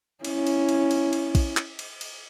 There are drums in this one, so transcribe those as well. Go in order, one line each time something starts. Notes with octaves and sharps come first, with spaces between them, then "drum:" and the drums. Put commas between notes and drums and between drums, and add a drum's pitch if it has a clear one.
C#4 E4, drum: cymbal
drum: cymbal
drum: cymbal
drum: cymbal
drum: cymbal
drum: kick, cymbal
drum: clap
drum: cymbal
drum: cymbal